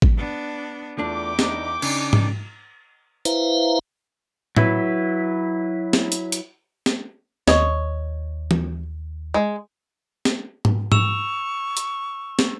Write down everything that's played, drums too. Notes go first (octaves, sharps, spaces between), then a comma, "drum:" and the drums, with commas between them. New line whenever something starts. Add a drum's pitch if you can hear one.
drum: kick G#1
B3 D4
E2 A3 D4 F4 G5 D6
D4 D#4, drum: snare
C#3 D4 D#4, drum: cymbal
drum: tom G#2
E4 B4 C5 E5 F5 A#5, drum: hi-hat
F#3 E4 B4, drum: tom A2
drum: snare
drum: hi-hat
drum: hi-hat
drum: snare
D#2 C#5 D#5, drum: snare
drum: tom E3
G#3
drum: snare
drum: tom G#2
C#6 E6 E7 F7, drum: tom G#2
drum: hi-hat
drum: snare